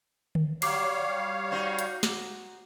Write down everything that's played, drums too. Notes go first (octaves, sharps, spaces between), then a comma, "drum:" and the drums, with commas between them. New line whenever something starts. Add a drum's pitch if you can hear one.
drum: tom D3
F#3 G3 C#5 F5 D6 C7, drum: cymbal
D#4 F#4 C5
drum: hi-hat
drum: snare